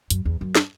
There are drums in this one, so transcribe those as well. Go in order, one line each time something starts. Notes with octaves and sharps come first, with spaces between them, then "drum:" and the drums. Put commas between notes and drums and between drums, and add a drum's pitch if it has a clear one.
F#2, drum: hi-hat
E2
F#2
drum: snare